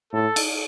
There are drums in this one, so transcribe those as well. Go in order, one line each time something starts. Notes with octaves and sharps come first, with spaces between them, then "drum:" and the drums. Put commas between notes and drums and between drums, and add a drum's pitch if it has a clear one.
A2 A4
drum: cymbal